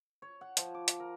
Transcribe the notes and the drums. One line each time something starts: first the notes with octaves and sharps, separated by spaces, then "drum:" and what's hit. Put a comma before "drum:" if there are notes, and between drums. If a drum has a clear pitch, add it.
C#5
F#5
F3, drum: hi-hat
D6
drum: hi-hat
A#4